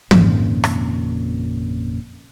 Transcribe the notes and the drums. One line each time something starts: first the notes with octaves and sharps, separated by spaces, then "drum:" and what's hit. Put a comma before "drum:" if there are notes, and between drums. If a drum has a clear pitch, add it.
G#1 F2 A#2 C#3, drum: tom
drum: rim click